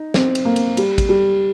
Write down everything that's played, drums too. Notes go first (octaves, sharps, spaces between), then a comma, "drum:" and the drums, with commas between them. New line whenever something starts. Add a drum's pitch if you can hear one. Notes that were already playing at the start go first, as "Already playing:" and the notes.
Already playing: D#4
C4, drum: snare
drum: cymbal
A#3
drum: cymbal
G3, drum: cymbal
drum: kick, cymbal
G3